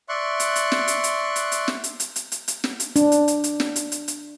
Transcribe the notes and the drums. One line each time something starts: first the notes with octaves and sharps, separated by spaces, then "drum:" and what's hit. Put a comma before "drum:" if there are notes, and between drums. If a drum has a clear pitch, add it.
D5 E5 C6 C#6 F#6
drum: hi-hat
drum: hi-hat
drum: snare
drum: hi-hat
drum: hi-hat
drum: hi-hat
drum: hi-hat
drum: snare
drum: hi-hat
drum: hi-hat
drum: hi-hat
drum: hi-hat
drum: hi-hat
drum: snare
drum: hi-hat
D4, drum: hi-hat
drum: hi-hat
drum: hi-hat
drum: hi-hat
drum: snare
drum: hi-hat
drum: hi-hat
drum: hi-hat